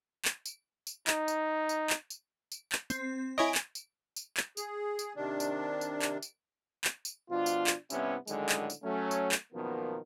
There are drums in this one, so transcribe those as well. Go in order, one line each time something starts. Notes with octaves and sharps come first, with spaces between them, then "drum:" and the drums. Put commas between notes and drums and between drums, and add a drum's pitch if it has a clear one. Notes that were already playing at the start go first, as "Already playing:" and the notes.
drum: clap
drum: tambourine
drum: tambourine
D#4, drum: clap
drum: tambourine
drum: tambourine
drum: clap
drum: tambourine
drum: tambourine
drum: clap
C4, drum: tambourine
E4 C#5 D#5 G#5 D7
drum: clap
drum: tambourine
drum: tambourine
drum: clap
G#4, drum: tambourine
drum: tambourine
C3 D#3 D4
drum: tambourine
drum: tambourine
drum: clap
drum: tambourine
drum: clap
drum: tambourine
B2 F3 D4 F4
drum: tambourine
drum: clap
G2 C3 B3 C#4 E4, drum: tambourine
F#2 A2 D3 D#3 G#3, drum: tambourine
drum: clap
drum: tambourine
F#3 A3 C#4
drum: tambourine
drum: clap
F#2 B2 D#3 F3 A#3 B3